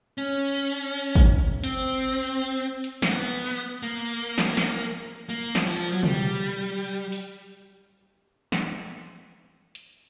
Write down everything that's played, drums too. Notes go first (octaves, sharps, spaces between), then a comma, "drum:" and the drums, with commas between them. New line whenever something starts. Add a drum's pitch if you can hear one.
C#4
drum: kick
C4, drum: hi-hat
drum: hi-hat
A#3, drum: snare
B3
A#3
drum: snare
drum: snare
A#3
drum: snare
F3
F#3
G3, drum: tom
drum: open hi-hat
drum: snare
drum: hi-hat